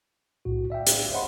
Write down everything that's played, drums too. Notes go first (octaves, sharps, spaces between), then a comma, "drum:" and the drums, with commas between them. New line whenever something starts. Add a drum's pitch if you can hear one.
B1 A2 F#4
D5 E5 F5 G5
drum: hi-hat
C5 C#5 D#5 F#5 B5 C6